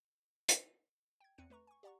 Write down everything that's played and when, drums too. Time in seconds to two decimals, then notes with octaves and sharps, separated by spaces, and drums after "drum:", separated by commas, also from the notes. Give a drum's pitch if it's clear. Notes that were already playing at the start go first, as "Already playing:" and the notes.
0.49 drum: hi-hat
1.21 G5 G#6
1.38 E2 C4 F#6 C#7 D#7
1.50 A3 B4 A#5 C#6
1.67 G#5 C#6
1.83 G4 D5 F#5 A#5 C#6